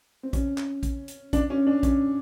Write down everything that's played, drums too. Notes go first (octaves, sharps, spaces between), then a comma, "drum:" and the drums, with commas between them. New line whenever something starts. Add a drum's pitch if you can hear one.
C4
C#4, drum: kick, hi-hat
drum: clap
drum: kick, hi-hat
drum: hi-hat
D4, drum: kick, hi-hat
C#4
D4
C#4, drum: kick, hi-hat